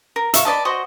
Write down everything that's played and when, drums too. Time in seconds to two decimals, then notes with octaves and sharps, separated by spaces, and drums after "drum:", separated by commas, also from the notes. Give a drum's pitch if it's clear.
0.16 A#4
0.34 E5 F5 C#6, drum: hi-hat
0.45 B4 D5 D#5 A5
0.65 F#4 C5 D#5